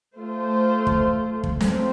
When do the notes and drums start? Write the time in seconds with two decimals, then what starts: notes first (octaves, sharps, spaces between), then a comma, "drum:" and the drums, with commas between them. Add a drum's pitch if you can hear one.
0.15 A3 F4 C5
0.87 drum: kick
1.44 drum: kick
1.61 A3 C4 F4 C5, drum: snare